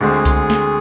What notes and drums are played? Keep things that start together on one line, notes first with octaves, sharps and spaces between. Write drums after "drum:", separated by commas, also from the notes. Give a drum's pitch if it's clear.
D2 D3 G#3 C4 G#4
drum: kick C2, hi-hat
drum: snare